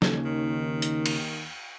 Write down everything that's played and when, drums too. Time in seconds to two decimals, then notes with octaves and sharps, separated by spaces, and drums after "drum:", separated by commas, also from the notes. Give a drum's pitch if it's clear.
0.02 D#2 C#3 A4, drum: snare
0.25 D#3
0.82 drum: hi-hat
1.06 drum: cymbal